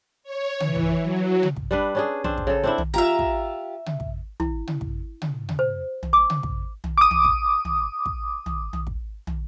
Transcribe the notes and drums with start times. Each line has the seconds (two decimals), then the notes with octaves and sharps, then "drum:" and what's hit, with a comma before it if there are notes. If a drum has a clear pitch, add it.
0.23 C#5
0.60 E3, drum: tom
0.75 drum: kick
1.02 F#3
1.43 drum: tom
1.56 drum: kick
1.71 G3 D4 B4
1.95 C#4 D4 G#4
2.24 C4 D4 C5, drum: tom
2.38 drum: kick
2.47 C#3 A4
2.63 C4 D4 E4
2.78 drum: tom
2.94 F4 G4 E5 A#5
3.19 drum: kick
3.86 drum: tom
4.00 drum: kick
4.40 E4, drum: tom
4.67 drum: tom
4.81 drum: kick
5.22 drum: tom
5.49 drum: tom
5.59 C5
6.03 drum: tom
6.13 D6
6.30 drum: tom
6.43 drum: kick
6.84 drum: tom
6.98 D6 D#6
7.11 drum: tom
7.24 drum: kick
7.65 drum: tom
8.06 drum: kick
8.46 drum: tom
8.73 drum: tom
8.87 drum: kick
9.27 drum: tom